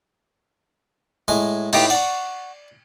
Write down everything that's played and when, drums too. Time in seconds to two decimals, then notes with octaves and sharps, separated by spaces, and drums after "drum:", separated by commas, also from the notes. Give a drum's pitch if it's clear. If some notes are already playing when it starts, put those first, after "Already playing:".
1.28 A2 G#3 G#5
1.73 A2 D#4 F4 G4 B4, drum: cymbal
1.90 D5 F#5 C#6